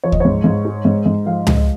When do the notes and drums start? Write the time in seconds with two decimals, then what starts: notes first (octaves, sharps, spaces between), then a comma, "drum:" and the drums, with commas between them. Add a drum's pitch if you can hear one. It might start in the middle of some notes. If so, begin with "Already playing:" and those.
0.04 F3 C#5
0.12 D#5, drum: kick D2
0.20 G#2 C#5
0.44 G#2
0.65 G#3
0.85 G#2
1.06 G#2
1.26 F3 F5
1.47 G#3, drum: tom C#2
1.57 D#5